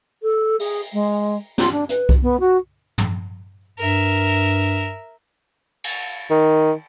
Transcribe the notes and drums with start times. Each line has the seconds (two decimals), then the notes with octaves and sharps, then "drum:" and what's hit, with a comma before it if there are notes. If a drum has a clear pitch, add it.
0.23 A4
0.59 G#4, drum: open hi-hat
0.93 G#3
1.58 F4, drum: snare
1.72 D4
1.89 B4, drum: hi-hat
2.09 drum: kick C2
2.22 B3
2.40 F#4
2.98 drum: tom
3.78 G2 A#4 E5
5.84 drum: cymbal
6.30 D#3